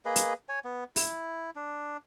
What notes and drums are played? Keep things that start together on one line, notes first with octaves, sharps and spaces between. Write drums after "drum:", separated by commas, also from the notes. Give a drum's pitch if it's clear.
A#3 G#4 B4 D#5
drum: hi-hat
C#5 G#5
B3
E4, drum: open hi-hat
D4